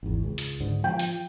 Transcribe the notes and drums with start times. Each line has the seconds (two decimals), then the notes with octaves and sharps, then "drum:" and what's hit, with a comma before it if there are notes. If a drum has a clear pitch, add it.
0.03 G#1 E2
0.23 C#2
0.38 drum: hi-hat
0.61 G#2 D3
0.84 F3 G5
0.99 drum: hi-hat